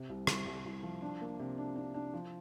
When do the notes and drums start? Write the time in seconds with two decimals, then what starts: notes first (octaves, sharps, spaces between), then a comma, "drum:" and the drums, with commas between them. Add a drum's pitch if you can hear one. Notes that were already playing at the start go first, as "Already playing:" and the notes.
Already playing: C3
0.09 C2
0.27 C2, drum: rim click
0.46 C2
0.66 C2
0.83 F3
1.02 D4
1.21 A#3
1.39 C3
1.58 D4
1.76 D4
1.94 D4
2.14 F3